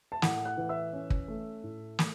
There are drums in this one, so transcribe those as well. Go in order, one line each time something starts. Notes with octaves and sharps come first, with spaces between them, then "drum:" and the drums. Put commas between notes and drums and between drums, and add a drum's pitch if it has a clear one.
A5
A2 F#5, drum: snare
F#5 F#6
E3
E5 E6
C#4
drum: kick
A3
A2
A3, drum: snare